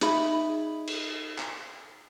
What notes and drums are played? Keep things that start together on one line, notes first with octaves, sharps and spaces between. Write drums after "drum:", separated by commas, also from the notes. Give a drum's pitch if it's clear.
D#4 G#4 E5 B5, drum: hi-hat
drum: cymbal
drum: clap